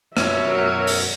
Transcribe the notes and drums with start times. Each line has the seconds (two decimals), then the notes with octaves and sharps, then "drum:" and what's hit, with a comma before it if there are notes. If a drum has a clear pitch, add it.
0.17 F#2 B2 C#5 E5, drum: rim click
0.49 F#3 A#4
0.87 drum: open hi-hat